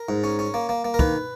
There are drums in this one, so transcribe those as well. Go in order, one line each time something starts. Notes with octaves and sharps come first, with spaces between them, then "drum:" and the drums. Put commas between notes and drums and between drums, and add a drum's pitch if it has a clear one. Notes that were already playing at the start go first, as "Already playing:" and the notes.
Already playing: A#4
G#2
C#4
C#4
A#3
A#3
A#3
A#4
D#3 B4, drum: kick